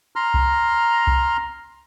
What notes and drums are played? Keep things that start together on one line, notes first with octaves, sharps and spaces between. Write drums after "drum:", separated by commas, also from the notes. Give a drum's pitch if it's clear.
A#5 C6 F6
drum: kick C2
drum: kick C2